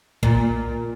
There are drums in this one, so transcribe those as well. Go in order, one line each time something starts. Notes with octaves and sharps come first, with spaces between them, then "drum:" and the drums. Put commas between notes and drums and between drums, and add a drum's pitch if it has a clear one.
A#2, drum: kick